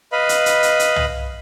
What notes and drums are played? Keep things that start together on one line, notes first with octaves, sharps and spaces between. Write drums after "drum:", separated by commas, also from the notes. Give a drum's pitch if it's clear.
B4 D#5 F5 B5
drum: hi-hat
drum: hi-hat
drum: hi-hat
drum: hi-hat
drum: tom C2